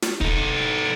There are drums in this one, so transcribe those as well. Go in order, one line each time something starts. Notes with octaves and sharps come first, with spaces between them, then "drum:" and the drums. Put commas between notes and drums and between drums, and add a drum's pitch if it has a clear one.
drum: snare
D#4 A4, drum: kick